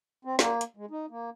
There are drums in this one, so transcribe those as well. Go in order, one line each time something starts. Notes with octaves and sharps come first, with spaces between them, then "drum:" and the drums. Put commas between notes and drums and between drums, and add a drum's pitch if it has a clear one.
C4
A#3, drum: snare
drum: hi-hat
G#3
D#4
A#3